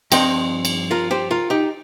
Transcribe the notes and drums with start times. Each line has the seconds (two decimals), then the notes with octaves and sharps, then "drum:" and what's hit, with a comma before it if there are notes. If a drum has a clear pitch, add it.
0.12 G2 F3 C4 D#5 G5, drum: cymbal
0.65 drum: cymbal
0.91 F4 A#4
1.11 G4 C5
1.31 F4 A#4
1.50 D#4 G4